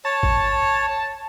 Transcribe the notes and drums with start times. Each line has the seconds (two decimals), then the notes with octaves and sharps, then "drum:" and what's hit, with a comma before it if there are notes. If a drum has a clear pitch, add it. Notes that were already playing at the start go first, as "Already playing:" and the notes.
0.05 C#5 A5
0.23 drum: kick G#1